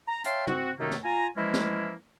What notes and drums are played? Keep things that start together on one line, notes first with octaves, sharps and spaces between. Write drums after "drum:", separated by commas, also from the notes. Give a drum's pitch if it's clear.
A#5
C#5 E5 F5 G5 A5 C6, drum: hi-hat
C4 F#4, drum: tom
F#2 C3 D#3 A3 A#3 D#4
drum: snare
F4 G#5 A#5
E3 F3 G#3 A#3 C#4 E4
drum: snare